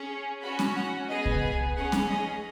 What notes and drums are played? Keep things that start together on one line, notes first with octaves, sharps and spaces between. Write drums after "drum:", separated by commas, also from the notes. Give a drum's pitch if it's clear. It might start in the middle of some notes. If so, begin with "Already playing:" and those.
Already playing: C#4 G#4
C#4 F#4 B5
drum: snare C#4
F#5
B3 G#4 D#5
drum: kick C2
G#5
C#4 G#4 F#5
drum: snare C#4
D#5